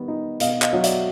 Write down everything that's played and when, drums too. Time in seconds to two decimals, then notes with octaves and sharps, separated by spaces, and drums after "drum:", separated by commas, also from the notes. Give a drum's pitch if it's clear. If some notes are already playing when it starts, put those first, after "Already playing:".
Already playing: D#3 G3 B3
0.08 D#4
0.40 B2 D#5 F5, drum: hi-hat
0.62 D#5 F5, drum: clap
0.73 F#3
0.84 D5 E5, drum: hi-hat